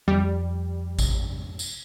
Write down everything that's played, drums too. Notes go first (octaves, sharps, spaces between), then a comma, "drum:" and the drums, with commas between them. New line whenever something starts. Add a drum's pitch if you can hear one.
F2 G3
drum: kick A1, tambourine
drum: tambourine